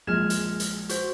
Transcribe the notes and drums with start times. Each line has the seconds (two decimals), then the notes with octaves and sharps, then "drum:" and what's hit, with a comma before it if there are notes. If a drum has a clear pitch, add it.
0.07 A#1 G#3 F6 G#6 E7
0.30 drum: hi-hat
0.60 drum: hi-hat
0.89 F#4 C5, drum: hi-hat